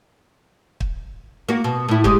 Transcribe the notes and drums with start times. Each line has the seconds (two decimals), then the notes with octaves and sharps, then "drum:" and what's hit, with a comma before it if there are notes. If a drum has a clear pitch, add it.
0.80 drum: kick
1.49 A#3 F#4
1.64 B2
1.89 A2 E4
2.04 G#2 G#3 G4, drum: kick